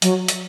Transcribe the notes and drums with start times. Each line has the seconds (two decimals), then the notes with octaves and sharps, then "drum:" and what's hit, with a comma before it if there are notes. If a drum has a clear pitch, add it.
0.02 F#3, drum: hi-hat
0.28 drum: hi-hat